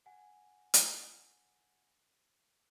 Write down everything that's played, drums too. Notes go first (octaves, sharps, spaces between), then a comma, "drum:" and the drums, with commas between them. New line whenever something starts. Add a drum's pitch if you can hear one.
F#5 G#5
drum: hi-hat